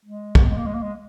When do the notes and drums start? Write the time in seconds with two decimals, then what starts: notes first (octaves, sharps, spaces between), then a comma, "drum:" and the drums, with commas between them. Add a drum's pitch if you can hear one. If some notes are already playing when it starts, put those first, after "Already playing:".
0.05 G#3
0.35 drum: kick
0.50 G#3
0.58 A#3
0.66 G#3
0.75 A#3
0.82 G#3